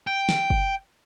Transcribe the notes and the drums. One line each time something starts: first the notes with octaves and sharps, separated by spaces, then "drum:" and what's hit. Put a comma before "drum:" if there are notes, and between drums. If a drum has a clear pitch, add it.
G5
drum: snare
drum: kick F#1